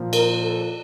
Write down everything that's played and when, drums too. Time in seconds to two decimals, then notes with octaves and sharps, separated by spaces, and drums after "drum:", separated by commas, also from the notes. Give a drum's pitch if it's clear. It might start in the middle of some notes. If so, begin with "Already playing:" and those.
Already playing: A#2 F3
0.13 A#4, drum: cymbal
0.43 A4